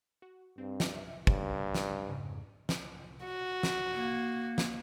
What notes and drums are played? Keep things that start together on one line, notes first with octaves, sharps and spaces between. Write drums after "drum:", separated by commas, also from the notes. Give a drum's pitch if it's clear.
F#4
G2 C4
drum: snare
E5
B1 G2 C#3, drum: kick
drum: snare
F2 G#2 C#3
drum: snare
F#4
drum: snare
A#3
drum: snare